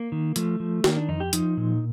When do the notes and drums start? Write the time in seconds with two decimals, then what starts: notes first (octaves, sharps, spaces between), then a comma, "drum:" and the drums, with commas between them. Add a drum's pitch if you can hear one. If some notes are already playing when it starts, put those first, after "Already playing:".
Already playing: A#3
0.12 D#3
0.36 F3 A3, drum: hi-hat
0.60 F3
0.84 D#3 A#3, drum: snare
0.97 D4
1.09 F2 D#4
1.20 G4
1.33 F3 D#4, drum: hi-hat
1.57 A#2